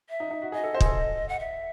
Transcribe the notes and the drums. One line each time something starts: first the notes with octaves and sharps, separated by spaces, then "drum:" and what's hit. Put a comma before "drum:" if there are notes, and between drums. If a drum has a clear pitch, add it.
E5
D#4
D#4
F#4
G#4 D#5
A4
C5
G#4, drum: kick
A4
F#5
E5